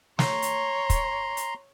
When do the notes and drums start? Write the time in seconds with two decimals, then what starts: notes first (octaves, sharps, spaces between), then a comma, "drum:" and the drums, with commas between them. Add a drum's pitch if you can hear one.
0.19 C#5 A#5 C6, drum: snare
0.42 drum: hi-hat
0.90 drum: kick, hi-hat
1.37 drum: hi-hat